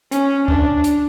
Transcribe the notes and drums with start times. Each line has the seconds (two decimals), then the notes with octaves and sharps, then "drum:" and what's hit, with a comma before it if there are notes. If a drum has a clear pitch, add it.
0.12 C#4, drum: hi-hat
0.48 D4, drum: kick C#2
0.84 drum: hi-hat